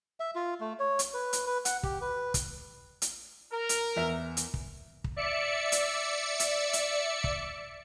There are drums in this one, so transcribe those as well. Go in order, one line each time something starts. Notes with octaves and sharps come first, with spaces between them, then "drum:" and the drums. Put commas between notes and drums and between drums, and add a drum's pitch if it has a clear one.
E5
F4
A3
C#5
drum: hi-hat
B4
drum: hi-hat
B4
F#5, drum: hi-hat
G4, drum: kick
B4
drum: kick, hi-hat
drum: hi-hat
A#4
drum: hi-hat
E2 E5
drum: hi-hat
drum: kick
drum: kick
D5 E5 C#7
drum: hi-hat
drum: hi-hat
drum: hi-hat
drum: kick